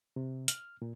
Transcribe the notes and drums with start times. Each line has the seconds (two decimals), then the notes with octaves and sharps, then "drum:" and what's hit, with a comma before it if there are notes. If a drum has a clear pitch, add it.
0.16 C3
0.48 F6, drum: hi-hat
0.82 A#2